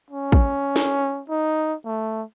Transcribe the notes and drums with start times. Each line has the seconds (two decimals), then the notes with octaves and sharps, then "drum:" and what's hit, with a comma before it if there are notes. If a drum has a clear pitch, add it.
0.11 C#4
0.32 drum: kick
0.76 drum: snare
1.30 D#4
1.85 A3